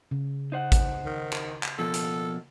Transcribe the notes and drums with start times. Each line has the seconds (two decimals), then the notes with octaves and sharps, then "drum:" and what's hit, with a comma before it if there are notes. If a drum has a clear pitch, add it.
0.11 C#3
0.52 D#4 C5 F#5
0.72 drum: kick, hi-hat
1.06 D#3
1.33 drum: clap
1.63 drum: clap
1.79 B2 F3 A#3 A4
1.94 drum: hi-hat